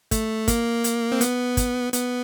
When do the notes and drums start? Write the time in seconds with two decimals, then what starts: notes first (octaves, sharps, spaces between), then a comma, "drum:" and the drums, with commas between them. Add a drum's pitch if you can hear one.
0.11 A3, drum: kick, hi-hat
0.48 A#3, drum: kick, hi-hat
0.84 drum: hi-hat
1.12 C4
1.21 B3, drum: hi-hat
1.57 drum: kick, hi-hat
1.93 B3, drum: hi-hat